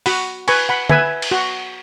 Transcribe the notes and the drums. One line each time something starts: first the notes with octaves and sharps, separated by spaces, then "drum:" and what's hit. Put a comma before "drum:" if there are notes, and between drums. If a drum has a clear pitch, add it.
F#4 F#5 B5, drum: open hi-hat
B4 G#5 C#6, drum: cymbal
F#5 B5
B4 E5 G#5, drum: tom
drum: cymbal
F#4